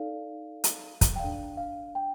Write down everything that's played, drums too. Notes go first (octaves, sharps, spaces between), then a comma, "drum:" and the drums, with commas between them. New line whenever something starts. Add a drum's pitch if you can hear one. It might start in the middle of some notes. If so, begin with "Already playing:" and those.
Already playing: D#4 A4 D5 F5
drum: hi-hat
drum: kick, hi-hat
G5
D4 A4 D5 F5
F5
G5